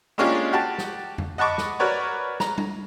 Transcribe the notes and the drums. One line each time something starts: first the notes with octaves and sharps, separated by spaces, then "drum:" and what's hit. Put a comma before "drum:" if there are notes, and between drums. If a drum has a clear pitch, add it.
G#3 A#3 C#4 D4 F4 G4
F#4 G4 A5
drum: snare
drum: tom F2
D#5 F#5 A5 B5 C#6 D6
drum: snare
F#4 A#4 B4 C#5 D5
A#5, drum: snare
drum: tom G3